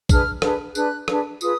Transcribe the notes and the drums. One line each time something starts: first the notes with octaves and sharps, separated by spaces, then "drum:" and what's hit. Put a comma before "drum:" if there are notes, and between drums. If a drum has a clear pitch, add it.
D4 G#4 B4 F6, drum: kick A#1, tambourine
D4 G#4 B4, drum: rim click
D4 G#4 B4 F#6, drum: tambourine
D4 G#4 B4, drum: rim click
F4 G#4 B4 D#6, drum: tambourine